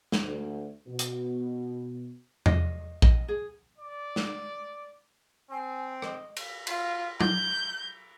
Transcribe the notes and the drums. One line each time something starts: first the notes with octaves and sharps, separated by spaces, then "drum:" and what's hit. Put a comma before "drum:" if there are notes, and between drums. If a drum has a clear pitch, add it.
drum: snare
D2
B2
drum: hi-hat
D#5, drum: tom E2
D#5, drum: kick A#1
G#4
D5
drum: snare
C4 G#5
D#5, drum: rim click
drum: cymbal
F4, drum: cymbal
G6, drum: tom F#3